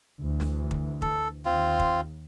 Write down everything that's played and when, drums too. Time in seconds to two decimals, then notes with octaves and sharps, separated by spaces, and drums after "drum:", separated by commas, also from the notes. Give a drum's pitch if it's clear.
0.19 D2 E3
0.40 drum: snare
0.71 drum: kick
1.02 A4, drum: kick
1.45 D#2 C4 F4
1.79 drum: kick